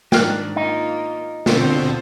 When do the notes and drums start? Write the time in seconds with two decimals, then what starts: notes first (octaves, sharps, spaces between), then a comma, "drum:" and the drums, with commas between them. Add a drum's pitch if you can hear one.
0.12 G#2 D#3 D4 G5 F6 F#6, drum: snare
0.56 A#3 D#4 F4
1.46 B2 D3 C4 F4 C5, drum: snare